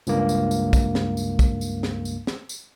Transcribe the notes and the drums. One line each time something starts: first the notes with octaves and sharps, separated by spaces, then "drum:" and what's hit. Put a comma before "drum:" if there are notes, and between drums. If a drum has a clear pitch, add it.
C#2 G2 A#3, drum: tambourine
drum: tambourine
drum: tambourine
drum: kick, tambourine
drum: snare
drum: tambourine
drum: kick, tambourine
drum: tambourine
drum: snare
drum: tambourine
drum: snare
drum: tambourine